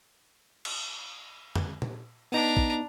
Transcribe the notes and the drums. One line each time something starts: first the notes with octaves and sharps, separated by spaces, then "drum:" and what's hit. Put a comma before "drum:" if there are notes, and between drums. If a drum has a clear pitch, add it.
drum: cymbal
drum: tom
drum: tom A#2
B3 D4 D#4 A#5
drum: kick